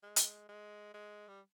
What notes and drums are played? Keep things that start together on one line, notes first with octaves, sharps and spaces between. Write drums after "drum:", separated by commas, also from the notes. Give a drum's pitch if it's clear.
G#3
drum: hi-hat
G#3
G#3
G3